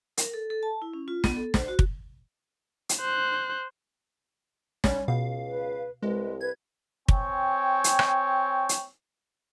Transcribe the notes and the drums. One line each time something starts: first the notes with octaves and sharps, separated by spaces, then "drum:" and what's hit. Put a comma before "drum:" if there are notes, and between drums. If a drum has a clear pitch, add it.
A#4, drum: hi-hat
A4
A4
A5
E4
C#4
F4
B3, drum: snare
A4
C5, drum: snare
F#4
drum: kick
drum: hi-hat
C5 F#6
G3 C#4, drum: snare
C#2 B2 F5
B4
C2 G#3 B4
B4 G#6
C4 C#5 G5 G#5, drum: kick
drum: hi-hat
drum: rim click
drum: hi-hat